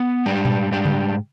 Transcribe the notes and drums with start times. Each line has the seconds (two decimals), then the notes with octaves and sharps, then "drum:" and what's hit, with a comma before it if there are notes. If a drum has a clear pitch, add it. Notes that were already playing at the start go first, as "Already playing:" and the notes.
Already playing: B3
0.25 G#2 G3 D4
0.45 drum: tom A#2
0.71 G#2 G3 D4
0.85 drum: tom C#3